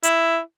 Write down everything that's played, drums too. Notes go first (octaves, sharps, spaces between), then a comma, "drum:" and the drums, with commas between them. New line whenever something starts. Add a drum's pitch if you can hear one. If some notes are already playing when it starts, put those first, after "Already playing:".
E4, drum: hi-hat